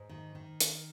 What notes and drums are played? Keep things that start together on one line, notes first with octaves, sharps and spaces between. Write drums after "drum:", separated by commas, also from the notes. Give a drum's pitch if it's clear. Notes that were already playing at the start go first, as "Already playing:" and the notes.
Already playing: G#2
D#3
D#3
drum: hi-hat